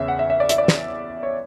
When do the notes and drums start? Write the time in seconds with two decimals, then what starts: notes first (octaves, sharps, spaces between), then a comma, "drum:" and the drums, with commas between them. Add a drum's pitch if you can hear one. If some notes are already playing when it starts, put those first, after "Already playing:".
Already playing: E2 C#3 E3 E5
0.08 F#5
0.19 E5
0.30 E5
0.40 D5
0.49 E5, drum: hi-hat
0.58 D5
0.68 drum: snare
1.23 C#5